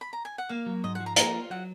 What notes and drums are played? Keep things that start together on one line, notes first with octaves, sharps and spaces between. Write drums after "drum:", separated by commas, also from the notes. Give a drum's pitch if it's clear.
B5
A#5
G#5
F#5
A#3 F5
F#3
G#2 D#5
F#5
F3
A#5
A#3 A#5, drum: hi-hat
F4
F#3 F#5